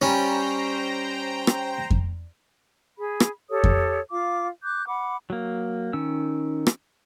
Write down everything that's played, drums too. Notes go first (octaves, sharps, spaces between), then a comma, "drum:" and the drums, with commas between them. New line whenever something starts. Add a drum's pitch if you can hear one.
G3 C#4 C5 G5 A#5
drum: rim click
drum: kick F2
G#4 B5
drum: rim click
G4 A4 C#5 D#6
drum: kick F2
F4 F5 D6
D6 F#6 G6
F#5 B5 D6
F#3 A#3
D#3 C#4 E6
drum: rim click